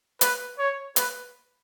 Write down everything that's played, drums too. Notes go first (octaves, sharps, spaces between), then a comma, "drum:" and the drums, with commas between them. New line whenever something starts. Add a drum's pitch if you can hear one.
B4, drum: hi-hat
C#5
B4, drum: hi-hat